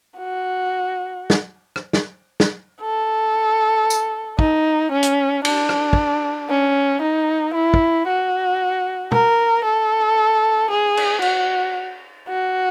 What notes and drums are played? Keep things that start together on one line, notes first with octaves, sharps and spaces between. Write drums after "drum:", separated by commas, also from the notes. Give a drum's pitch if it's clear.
F#4
drum: snare
drum: rim click
drum: snare
drum: snare
A4
drum: tambourine
D#4, drum: kick
C#4
drum: hi-hat
D4, drum: cymbal
drum: rim click
drum: kick
C#4
D#4
E4
drum: kick
F#4
A#4, drum: tom
A4
G#4
drum: cymbal
F#4, drum: cymbal
F#4